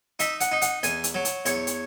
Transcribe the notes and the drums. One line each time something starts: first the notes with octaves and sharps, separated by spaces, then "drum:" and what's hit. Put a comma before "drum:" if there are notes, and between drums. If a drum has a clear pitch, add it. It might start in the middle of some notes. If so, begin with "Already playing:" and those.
D#4 E5, drum: hi-hat
F#5, drum: hi-hat
D#4
F#5, drum: hi-hat
E2 G#5, drum: hi-hat
drum: hi-hat
F#3
drum: hi-hat
E2 C#5, drum: hi-hat
drum: hi-hat